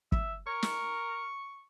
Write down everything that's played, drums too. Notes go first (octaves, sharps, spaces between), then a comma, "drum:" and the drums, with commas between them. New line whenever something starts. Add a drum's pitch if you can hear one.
E5, drum: kick
A#4 C#6
drum: snare